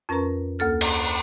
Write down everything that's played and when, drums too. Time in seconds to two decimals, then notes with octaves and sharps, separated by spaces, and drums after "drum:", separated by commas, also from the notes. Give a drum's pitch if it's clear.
0.09 F2 C#4 A#4 B4 A#5 C#6
0.59 D2 A#3 A4 F6
0.81 drum: cymbal